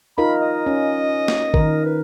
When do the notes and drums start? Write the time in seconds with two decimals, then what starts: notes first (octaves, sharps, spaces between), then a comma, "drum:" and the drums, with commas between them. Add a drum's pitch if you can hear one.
0.18 D#4 F4 A#4 B5
0.41 D#5
0.66 C#4
1.28 drum: snare
1.54 D#3 A#4, drum: kick A1
1.85 B4